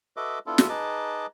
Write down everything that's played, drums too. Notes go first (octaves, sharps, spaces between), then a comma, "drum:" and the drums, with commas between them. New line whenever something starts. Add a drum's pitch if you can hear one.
F#4 A4 B4 D#5 E5 D6
B3 D4 E4 F4 A4
drum: snare
D#4 G#4 B4 D#5 A5 D6